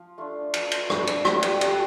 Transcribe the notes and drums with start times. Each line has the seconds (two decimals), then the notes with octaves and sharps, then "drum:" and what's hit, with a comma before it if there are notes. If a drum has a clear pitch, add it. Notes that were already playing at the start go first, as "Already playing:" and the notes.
Already playing: F3
0.18 A3 D4 F4
0.54 F3, drum: cymbal
0.71 drum: cymbal
0.90 A3 D4, drum: rim click
1.07 drum: cymbal
1.25 F3 G3 G4, drum: rim click
1.43 G3 G4, drum: cymbal
1.61 G3 A3 D4 G4, drum: cymbal
1.71 F#4